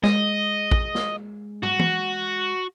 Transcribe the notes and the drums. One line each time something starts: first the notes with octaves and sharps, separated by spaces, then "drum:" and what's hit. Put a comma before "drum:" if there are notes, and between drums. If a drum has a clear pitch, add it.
G#3 D#5, drum: snare
drum: kick A1
drum: snare
F#4, drum: tom
drum: tom E3